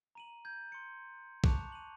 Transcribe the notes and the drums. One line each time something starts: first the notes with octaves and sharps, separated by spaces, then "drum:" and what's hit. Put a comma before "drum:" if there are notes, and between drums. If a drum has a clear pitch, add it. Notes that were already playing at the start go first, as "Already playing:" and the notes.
A#5 D#7 F#7
G6 G#6
C6 C#7
A5 C#6 D6 F#6 C#7 F7, drum: kick
D#7 F#7